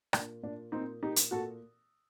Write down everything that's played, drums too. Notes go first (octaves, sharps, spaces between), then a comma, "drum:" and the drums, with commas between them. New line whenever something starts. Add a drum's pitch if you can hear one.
A#2 D4, drum: rim click
A#2 D4
A#2 C4 D#4
A#2 D#4 G4
drum: hi-hat
A#2 F#4 A4